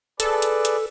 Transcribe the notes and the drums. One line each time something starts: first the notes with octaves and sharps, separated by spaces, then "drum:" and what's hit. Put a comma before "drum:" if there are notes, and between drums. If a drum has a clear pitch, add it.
G#4 A4 B4 D5, drum: hi-hat
drum: hi-hat
drum: hi-hat